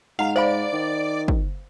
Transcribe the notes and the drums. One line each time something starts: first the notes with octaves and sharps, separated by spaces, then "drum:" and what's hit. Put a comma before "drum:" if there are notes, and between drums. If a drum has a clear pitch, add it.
G#2 F5 F#5 A#5
C5 D5 F5 B5
D#3
drum: kick